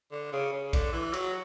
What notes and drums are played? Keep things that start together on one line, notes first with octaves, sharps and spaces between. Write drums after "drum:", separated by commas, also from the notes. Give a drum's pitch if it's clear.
D3
C#3
C#3
D3, drum: kick, cymbal
E3
F#3, drum: cymbal